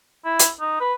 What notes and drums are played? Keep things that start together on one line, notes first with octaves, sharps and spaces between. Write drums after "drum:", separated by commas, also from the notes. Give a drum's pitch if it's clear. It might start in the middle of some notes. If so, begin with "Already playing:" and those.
E4
drum: hi-hat
D#4
B4